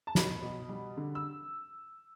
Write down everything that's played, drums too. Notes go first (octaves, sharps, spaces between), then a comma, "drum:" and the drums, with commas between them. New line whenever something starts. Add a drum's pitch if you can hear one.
A5
B2 B5, drum: snare
B2
G3
D3
E6